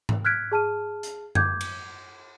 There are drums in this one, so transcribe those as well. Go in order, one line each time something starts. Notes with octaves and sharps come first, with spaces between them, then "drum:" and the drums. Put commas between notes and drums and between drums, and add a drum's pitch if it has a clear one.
drum: tom G#2
F6 F#6 G#6 B6 D7
G#4 A5 F6 D#7
drum: hi-hat
D6 G6 G#6, drum: tom F#2
drum: cymbal